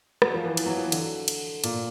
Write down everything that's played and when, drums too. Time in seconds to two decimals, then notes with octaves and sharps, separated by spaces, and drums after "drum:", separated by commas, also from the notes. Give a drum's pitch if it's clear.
0.22 F#3, drum: rim click
0.34 F3
0.45 E3
0.57 E3, drum: cymbal
0.66 F#3
0.75 F3
0.83 E3
0.92 D3, drum: cymbal
1.28 drum: cymbal
1.64 A#2, drum: cymbal